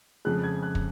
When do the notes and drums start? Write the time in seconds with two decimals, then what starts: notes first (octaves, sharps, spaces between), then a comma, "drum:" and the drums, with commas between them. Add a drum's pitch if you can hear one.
0.25 F2 C#3 G#3 F#6
0.44 G#6
0.63 F#6
0.75 drum: kick